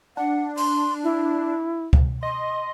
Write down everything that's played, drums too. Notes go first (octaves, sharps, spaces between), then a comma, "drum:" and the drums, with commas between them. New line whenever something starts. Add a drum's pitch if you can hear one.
D4 F#5
C6, drum: open hi-hat
E4
drum: kick C#2
D#5 C6